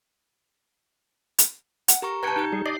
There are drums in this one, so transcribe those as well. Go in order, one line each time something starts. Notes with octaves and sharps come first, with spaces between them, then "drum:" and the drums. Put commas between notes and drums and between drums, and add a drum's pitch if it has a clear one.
drum: hi-hat
F#5, drum: hi-hat
G4 A#4 A#5 C#6
G#2 C3 B4 G5 A5 A#5 G#6 C#7
D#4 G4 G6
G3 G#4
D5 D#5 C7